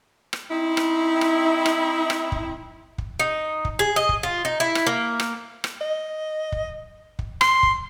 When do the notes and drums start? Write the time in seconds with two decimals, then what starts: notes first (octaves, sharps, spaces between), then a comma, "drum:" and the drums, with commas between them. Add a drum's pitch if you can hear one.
0.33 drum: rim click
0.50 C4 D#4 E4
0.77 drum: rim click
1.21 drum: rim click
1.66 drum: rim click
2.10 drum: rim click
2.32 drum: kick
2.98 drum: kick
3.20 D#4
3.65 drum: kick
3.79 G#4
3.96 D#5
4.09 drum: kick
4.23 F4
4.45 D#4
4.60 E4
4.75 drum: rim click
4.87 A#3
5.20 drum: rim click
5.64 drum: rim click
5.81 D#5
6.52 drum: kick
7.19 drum: kick
7.41 C6, drum: rim click
7.63 drum: kick